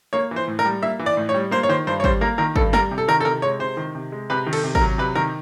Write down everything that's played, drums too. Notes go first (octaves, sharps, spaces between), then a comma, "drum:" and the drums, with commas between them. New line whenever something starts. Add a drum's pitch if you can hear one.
A#3 C#5
E3
C5
A2
A#4
G3
A#3 E5
E3
D5
A2
C#5
G3
A#3 C5
C#5
D#3 C5
G2 C5
C#5
G3 C5, drum: kick
A#3 A#4
D#3 A#4
G2 A4, drum: kick
G3 A#4, drum: snare
C3
A4
D#3 A#4
A4
C3 A#4
G#3 C#5
C3 C5
D#3
C3
G#3
C3 B4
D#3
A4, drum: cymbal
C3
A#4, drum: kick
F#3
C3 B4
D#3 A#4